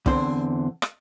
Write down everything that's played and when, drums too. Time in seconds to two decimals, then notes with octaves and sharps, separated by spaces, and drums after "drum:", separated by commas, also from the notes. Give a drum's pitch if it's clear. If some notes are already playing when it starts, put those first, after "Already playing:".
0.06 E2 D3 C4 C5, drum: kick
0.82 drum: rim click